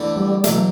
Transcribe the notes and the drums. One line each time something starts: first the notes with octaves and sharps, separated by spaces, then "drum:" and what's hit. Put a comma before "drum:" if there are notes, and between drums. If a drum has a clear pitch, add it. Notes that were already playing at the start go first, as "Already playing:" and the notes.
Already playing: E2 D3 A3 E4
G3
E2 B2 F#3 A3, drum: hi-hat